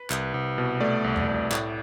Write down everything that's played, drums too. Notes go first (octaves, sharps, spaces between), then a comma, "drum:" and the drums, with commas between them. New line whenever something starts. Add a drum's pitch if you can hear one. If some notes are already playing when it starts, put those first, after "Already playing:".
Already playing: B4
C2, drum: clap
C2
B2
A3 D5
C2
drum: tom E2
C2
A2, drum: clap